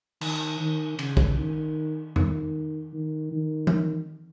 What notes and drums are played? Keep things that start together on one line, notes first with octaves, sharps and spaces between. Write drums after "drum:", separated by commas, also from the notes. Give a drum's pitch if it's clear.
D#3, drum: cymbal
D#3
C#3, drum: cymbal
drum: kick
D#3
D#3, drum: tom E2
D#3
D#3
drum: tom E3